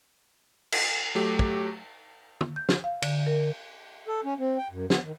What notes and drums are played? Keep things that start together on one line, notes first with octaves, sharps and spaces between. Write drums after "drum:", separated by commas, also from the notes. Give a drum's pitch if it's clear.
drum: cymbal
F#3 A3 G4
drum: kick
drum: tom
G6
drum: snare
F5
D3, drum: cymbal
A#4
A4
C#4
C4
G5
F#2
B3, drum: snare
D#3